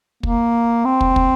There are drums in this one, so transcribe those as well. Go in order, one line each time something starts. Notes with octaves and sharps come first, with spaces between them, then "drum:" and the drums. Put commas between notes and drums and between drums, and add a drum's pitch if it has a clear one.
A#3, drum: kick
C4
drum: kick
drum: kick